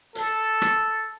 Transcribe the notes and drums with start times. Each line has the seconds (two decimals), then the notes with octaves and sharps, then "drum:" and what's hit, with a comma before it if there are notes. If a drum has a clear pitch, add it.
0.15 A4, drum: hi-hat
0.62 drum: rim click